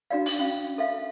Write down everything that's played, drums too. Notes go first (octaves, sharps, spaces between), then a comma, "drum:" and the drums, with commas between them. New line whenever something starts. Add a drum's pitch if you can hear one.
D4 F#4 D5 F5
drum: open hi-hat
C#4 F5
A4 E5 F5